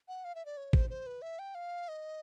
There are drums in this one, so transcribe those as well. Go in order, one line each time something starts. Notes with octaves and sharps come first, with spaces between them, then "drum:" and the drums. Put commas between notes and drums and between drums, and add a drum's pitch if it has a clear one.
F#5
F5
E5
D5
C#5
C5, drum: kick
C5
B4
E5
G5
F5
D#5